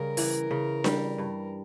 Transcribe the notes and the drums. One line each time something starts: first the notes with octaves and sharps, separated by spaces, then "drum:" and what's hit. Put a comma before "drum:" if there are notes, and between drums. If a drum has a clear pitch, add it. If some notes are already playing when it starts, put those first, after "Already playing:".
Already playing: C#3 G3 A#4
E3, drum: open hi-hat
C#3
G3, drum: snare D4
G2